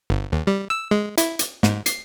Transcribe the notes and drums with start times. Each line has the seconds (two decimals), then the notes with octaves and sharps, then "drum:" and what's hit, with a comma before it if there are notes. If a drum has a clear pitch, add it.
0.10 G1
0.32 D#2
0.47 G3
0.70 E6
0.91 G#3
1.18 E4, drum: hi-hat
1.39 drum: hi-hat
1.63 G#2, drum: snare
1.86 C7, drum: hi-hat